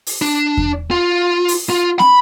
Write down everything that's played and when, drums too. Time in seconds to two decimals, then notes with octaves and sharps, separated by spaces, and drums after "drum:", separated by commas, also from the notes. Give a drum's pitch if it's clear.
0.07 drum: open hi-hat
0.22 D4
0.57 drum: kick E2
0.91 F4
1.48 drum: open hi-hat
1.70 F4
1.99 B5, drum: snare